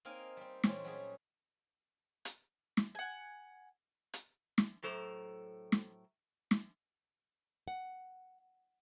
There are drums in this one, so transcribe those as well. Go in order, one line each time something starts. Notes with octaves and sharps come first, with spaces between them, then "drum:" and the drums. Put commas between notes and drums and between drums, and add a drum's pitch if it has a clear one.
A#3 C4 D#4 A#4 F5 G#5
G3 C4
A#2 E3 G#3 C4 C#4, drum: snare
F#3 G3 C#4 G#4
drum: hi-hat
drum: snare
F#5 G#5
drum: hi-hat
drum: snare
A2 F#3 A4 C5 A#5
drum: snare
drum: snare
F#5